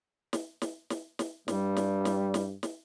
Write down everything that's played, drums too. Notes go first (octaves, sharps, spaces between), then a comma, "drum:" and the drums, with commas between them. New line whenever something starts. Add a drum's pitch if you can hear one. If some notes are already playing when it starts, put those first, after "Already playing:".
drum: snare
drum: snare
drum: snare
drum: snare
G2 G3, drum: snare
drum: snare
drum: snare
drum: snare
drum: snare